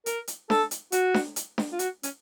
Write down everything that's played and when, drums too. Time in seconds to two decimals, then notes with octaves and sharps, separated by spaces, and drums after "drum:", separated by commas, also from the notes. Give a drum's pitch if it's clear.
0.06 A#4, drum: hi-hat
0.28 drum: hi-hat
0.50 A4, drum: snare D4
0.71 drum: hi-hat
0.92 F#4, drum: hi-hat
1.14 drum: snare D4
1.36 drum: hi-hat
1.58 drum: snare D4
1.72 F4
1.79 F#4, drum: hi-hat
2.03 C#4, drum: hi-hat